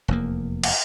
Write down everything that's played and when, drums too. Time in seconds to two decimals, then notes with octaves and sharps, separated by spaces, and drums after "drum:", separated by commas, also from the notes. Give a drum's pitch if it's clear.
0.08 F1 E2 A#3
0.64 drum: cymbal